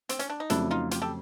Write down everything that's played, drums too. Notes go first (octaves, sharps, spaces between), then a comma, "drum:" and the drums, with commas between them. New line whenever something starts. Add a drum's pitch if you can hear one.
C4, drum: hi-hat
C#4, drum: hi-hat
D4
D#4
F2 C#3 F#3 A3 D4 E4, drum: hi-hat
D#4 F4
F4 G4, drum: hi-hat
G4 A4